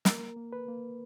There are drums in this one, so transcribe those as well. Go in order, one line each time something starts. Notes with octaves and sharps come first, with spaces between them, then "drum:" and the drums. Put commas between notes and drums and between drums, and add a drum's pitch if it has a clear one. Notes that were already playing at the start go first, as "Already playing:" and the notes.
A#3 A#4, drum: snare
A#3
B4
A#3